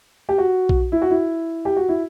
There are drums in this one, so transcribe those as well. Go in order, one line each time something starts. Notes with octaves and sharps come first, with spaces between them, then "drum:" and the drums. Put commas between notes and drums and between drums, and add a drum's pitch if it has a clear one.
G4
F#4
drum: kick B1
E4
F#4
E4
G4
F#4
E4